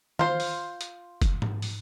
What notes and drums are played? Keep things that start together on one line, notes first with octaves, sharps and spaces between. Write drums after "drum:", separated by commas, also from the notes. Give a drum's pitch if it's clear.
F4 C5, drum: tom
drum: open hi-hat
drum: hi-hat
drum: kick F#1, hi-hat
drum: tom G#2
drum: open hi-hat